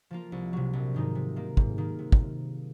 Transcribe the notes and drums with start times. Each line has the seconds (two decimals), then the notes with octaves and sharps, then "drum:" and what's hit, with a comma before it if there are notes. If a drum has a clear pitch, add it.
0.11 F3 A#3 F4
0.32 C2
0.53 C3 F#3
0.73 A#1
0.94 G#2 D#3 G#3 D#4
1.15 C3
1.36 D#3 A#3
1.57 G#2, drum: kick
1.78 D#3 A#3
1.99 C3
2.12 drum: kick